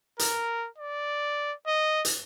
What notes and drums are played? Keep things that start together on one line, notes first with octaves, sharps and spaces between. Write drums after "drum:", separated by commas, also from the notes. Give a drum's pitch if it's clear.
A#4, drum: hi-hat
D5
D#5
drum: hi-hat